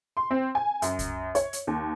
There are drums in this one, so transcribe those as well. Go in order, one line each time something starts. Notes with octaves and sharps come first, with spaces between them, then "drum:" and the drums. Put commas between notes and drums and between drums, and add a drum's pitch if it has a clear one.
C6
C4
G#5
F#2, drum: hi-hat
drum: kick C2, hi-hat
C#5, drum: hi-hat
drum: hi-hat
D#2